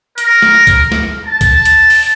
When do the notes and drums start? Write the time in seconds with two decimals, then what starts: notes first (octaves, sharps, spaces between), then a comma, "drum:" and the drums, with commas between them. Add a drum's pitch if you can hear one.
0.18 A#4, drum: hi-hat
0.42 drum: snare
0.67 drum: kick, hi-hat
0.92 drum: snare
1.25 A5
1.41 drum: kick, hi-hat
1.65 drum: hi-hat
1.90 drum: open hi-hat